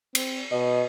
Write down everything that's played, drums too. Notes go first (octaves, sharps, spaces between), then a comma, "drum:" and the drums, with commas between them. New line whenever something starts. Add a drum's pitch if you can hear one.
C4, drum: cymbal
B2 D#5